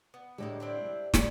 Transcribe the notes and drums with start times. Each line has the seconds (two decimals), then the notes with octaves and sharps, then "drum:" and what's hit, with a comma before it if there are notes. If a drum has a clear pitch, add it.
0.14 B3
0.38 A2 D3 G3 G#3 D#4 A4
0.60 C4 D4 E4
0.85 G3
1.14 D4 E4 C#5, drum: snare